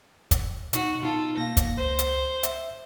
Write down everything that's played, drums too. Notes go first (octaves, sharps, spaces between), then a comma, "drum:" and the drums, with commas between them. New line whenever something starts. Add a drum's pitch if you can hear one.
drum: kick, hi-hat
B2 D#4 F#4, drum: hi-hat
B2 D#4 F4 A4
A#3 F5 A#6
drum: kick, hi-hat
C#2 C5
drum: hi-hat
E5, drum: hi-hat